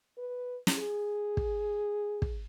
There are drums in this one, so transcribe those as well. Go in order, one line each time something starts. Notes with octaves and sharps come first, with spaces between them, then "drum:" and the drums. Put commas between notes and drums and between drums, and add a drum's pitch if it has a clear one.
B4
drum: snare
G#4
drum: kick
drum: kick